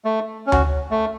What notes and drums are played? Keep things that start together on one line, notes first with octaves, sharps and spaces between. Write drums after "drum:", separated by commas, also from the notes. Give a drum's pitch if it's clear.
A3
C#4
F#4, drum: tom D2
A3